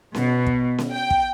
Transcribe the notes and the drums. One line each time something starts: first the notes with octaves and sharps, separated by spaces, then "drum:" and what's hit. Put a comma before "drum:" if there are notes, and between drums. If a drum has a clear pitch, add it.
B2, drum: snare C#4
drum: kick
drum: snare C#4
G5
drum: kick